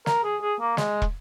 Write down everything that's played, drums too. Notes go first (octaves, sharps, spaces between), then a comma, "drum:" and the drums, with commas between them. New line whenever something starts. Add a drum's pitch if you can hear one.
A#4, drum: snare
G#4
G#4
A#3
G#3, drum: snare
drum: kick